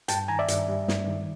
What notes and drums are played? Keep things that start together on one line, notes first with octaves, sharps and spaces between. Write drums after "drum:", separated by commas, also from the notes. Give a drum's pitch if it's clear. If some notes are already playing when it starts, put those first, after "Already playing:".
G2 G5 A5, drum: hi-hat
D#3 G#5 A#5
D5 E5
G2, drum: hi-hat
G3
G2, drum: snare
D#3